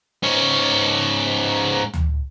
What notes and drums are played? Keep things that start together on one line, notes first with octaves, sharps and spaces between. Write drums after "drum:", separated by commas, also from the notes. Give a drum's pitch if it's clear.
G#2 C#4
drum: tom D2